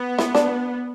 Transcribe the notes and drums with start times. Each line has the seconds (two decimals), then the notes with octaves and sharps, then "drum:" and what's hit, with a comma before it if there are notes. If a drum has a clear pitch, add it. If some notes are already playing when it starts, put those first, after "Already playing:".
Already playing: B3
0.19 E4, drum: snare
0.35 D4, drum: snare